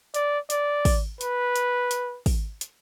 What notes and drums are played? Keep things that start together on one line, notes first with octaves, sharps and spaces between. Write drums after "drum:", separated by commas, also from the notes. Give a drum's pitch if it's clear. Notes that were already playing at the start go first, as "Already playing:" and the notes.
D5, drum: hi-hat
D5, drum: hi-hat
drum: kick, open hi-hat
B4, drum: hi-hat
drum: hi-hat
drum: hi-hat
drum: kick, open hi-hat
drum: hi-hat